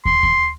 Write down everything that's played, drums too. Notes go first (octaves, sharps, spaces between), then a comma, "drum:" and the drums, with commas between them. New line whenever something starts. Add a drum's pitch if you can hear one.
C6, drum: kick
drum: kick